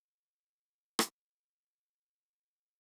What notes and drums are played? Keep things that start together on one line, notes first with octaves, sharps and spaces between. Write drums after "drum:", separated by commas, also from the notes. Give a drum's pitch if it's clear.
D2 A3 C5
drum: rim click